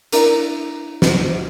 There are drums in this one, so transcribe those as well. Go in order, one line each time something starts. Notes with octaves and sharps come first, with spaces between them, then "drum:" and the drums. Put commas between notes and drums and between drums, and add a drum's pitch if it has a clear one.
D4 E4 A#4 D5, drum: hi-hat
drum: snare